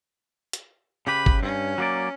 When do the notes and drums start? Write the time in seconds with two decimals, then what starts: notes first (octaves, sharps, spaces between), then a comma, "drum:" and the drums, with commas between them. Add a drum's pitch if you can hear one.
0.53 drum: hi-hat
1.07 C#3 G4 B4 B5
1.26 drum: kick
1.43 G2 C#4
1.78 F#3 A#3 D5